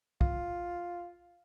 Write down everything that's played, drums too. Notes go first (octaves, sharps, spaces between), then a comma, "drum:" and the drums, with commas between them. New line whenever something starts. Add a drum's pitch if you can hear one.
F4, drum: kick